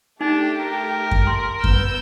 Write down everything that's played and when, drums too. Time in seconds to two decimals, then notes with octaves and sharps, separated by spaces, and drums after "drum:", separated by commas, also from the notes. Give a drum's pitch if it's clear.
0.21 A3 D4 D#4 G4
0.60 A#4
1.11 drum: kick F#2
1.27 C6
1.64 B3 E6 G6, drum: kick F#2